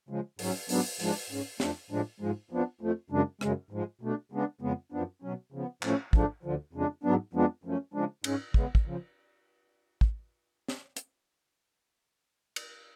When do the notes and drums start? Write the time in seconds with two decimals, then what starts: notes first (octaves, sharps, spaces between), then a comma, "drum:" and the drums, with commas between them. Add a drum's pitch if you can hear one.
0.09 C#3 F3 G#3
0.39 G#2 F#3 C#4, drum: open hi-hat
0.69 G#2 F#3 B3 D4, drum: open hi-hat
0.99 G#2 F3 G#3 D4, drum: open hi-hat
1.30 G#2 G#3 C#4
1.60 F2 F3 A3 D4, drum: snare
1.90 A2 F3 G#3 D4
2.20 G#2 F3 G#3
2.50 F2 F3 B3 D4
2.81 F2 F3 A3
3.10 F#2 C#3 G#3 D4
3.41 F#2 C#3 G#3, drum: rim click
3.71 G#2 F3 G#3
4.01 B2 A3 D4
4.32 C#3 G#3 B3 D4
4.61 F2 C#3 G#3 B3
4.92 F#2 F3 B3 D4
5.22 B2 F#3 C#4
5.52 C#3 F3 B3
5.82 A2 F3 A3 C#4, drum: clap
6.13 G#2 F3 A3 D4, drum: kick
6.43 D2 D3 F3
6.73 F2 C#3 G#3 D4
7.03 G#2 F#3 B3 D4
7.33 F2 F3 G#3 B3 D4
7.64 F#2 F3 A3 C#4
7.94 C#3 F3 G#3 D4
8.24 G#2 G#3 C#4, drum: cymbal
8.54 C#3 G#3 B3, drum: kick
8.75 drum: kick
8.86 C#3 F3
10.01 drum: kick
10.68 drum: snare
10.97 drum: hi-hat
12.56 drum: cymbal